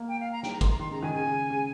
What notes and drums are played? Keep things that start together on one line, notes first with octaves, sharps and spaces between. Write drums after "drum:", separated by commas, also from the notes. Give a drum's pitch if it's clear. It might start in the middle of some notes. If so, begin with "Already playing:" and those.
Already playing: A#3
G5
F5
A#5
G5, drum: snare
A#5
C6, drum: kick, cymbal
A#5
D#3 C6
C#3 A#5
D#3 G#5
C#3 G#5
C#3
C#3